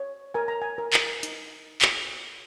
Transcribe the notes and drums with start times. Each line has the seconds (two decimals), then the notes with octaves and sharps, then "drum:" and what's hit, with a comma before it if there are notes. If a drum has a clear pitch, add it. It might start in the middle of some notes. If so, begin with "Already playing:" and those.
Already playing: C#5
0.34 A#4 G#5
0.48 A#5
0.62 G#5
0.78 A#4
0.93 drum: clap
1.23 D#4, drum: hi-hat
1.82 drum: clap